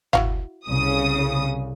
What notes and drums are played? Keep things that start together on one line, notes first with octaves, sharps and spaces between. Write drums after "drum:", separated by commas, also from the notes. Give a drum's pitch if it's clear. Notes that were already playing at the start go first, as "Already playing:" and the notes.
E4 F#4 F5, drum: tom G1
C2 C#3 D#6